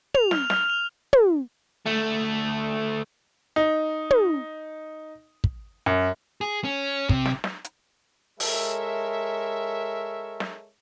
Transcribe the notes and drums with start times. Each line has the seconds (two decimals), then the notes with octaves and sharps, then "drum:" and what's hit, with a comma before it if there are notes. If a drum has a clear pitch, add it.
0.14 F7, drum: tom
0.31 F6, drum: snare
0.50 F6, drum: snare
0.70 F7
1.13 drum: tom
1.86 D2 A3
3.56 D#4
4.10 drum: tom
5.44 drum: kick
5.86 F#2
6.41 G#4
6.64 C#4
7.09 C3, drum: kick
7.26 drum: snare
7.44 drum: snare
7.64 drum: hi-hat
8.40 G#3 A4 A#4 C#5 E5, drum: open hi-hat
10.40 drum: snare